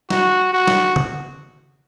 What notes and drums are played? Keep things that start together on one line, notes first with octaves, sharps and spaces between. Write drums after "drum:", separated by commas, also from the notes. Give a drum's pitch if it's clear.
F#4, drum: snare
F#4
drum: snare
drum: tom C#3